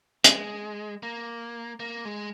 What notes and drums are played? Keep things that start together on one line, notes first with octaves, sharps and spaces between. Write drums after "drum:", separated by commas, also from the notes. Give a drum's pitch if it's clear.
G#3, drum: hi-hat
A#3
A#3
G#3